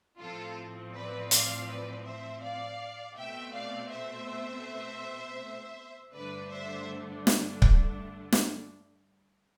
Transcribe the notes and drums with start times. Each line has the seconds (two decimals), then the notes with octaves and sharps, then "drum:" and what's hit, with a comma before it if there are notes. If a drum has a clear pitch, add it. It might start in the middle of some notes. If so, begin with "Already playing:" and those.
0.19 A2 F3 C4 F4 A4
0.94 B4 D5
1.31 D5 F5, drum: hi-hat
1.69 B4 D5
2.05 C5 E5
2.43 D5 F5
3.17 B2 A3 C4 E5 G5
3.54 D5 F5
3.91 C5 E5
6.13 G2 D3 A3 D4 B4 D5
6.50 C5 E5
7.27 drum: snare
7.62 drum: kick C#1
8.32 drum: snare